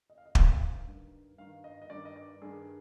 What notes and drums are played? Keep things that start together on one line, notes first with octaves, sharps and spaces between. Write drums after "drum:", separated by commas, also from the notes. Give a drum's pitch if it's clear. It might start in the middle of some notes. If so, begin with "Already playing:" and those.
D#5
F5
D#5
G#2 D#3 F5, drum: kick
G2 D#3
G2 D#3 F5
D#5
D#5
G2 D#3 D5
D#5
D5
G2 D#3 G#4